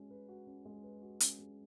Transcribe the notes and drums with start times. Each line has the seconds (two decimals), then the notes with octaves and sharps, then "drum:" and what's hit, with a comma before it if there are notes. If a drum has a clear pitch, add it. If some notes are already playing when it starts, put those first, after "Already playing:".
Already playing: G#3 C#4 F#4
0.10 B4
0.29 F#4
0.47 C#4
0.65 G#3
0.83 B4
1.02 F#4
1.20 C#4, drum: hi-hat
1.39 G#3